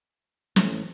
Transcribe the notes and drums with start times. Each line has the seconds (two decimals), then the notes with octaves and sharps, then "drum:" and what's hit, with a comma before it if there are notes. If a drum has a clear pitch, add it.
0.56 E3 A3 C#4, drum: snare